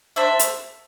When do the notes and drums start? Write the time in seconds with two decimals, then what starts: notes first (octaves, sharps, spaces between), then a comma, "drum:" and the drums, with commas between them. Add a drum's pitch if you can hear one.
0.16 D4 C5 E5
0.39 drum: hi-hat